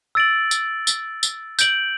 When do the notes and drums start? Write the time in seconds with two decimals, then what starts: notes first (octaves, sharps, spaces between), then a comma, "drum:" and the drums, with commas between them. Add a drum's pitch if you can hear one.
0.15 E6 A6 D7 F#7
0.51 drum: tambourine
0.87 drum: tambourine
1.23 drum: tambourine
1.59 G6 D7 F#7, drum: tambourine